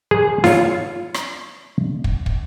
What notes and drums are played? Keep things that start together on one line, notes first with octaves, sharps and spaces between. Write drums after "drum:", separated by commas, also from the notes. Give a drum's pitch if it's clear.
G#4
F4 C#5, drum: snare D#4
drum: rim click
drum: kick
drum: kick